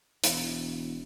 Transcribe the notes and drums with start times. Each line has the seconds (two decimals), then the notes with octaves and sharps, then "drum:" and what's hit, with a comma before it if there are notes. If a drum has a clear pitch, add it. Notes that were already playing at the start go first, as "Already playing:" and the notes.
0.24 E1, drum: hi-hat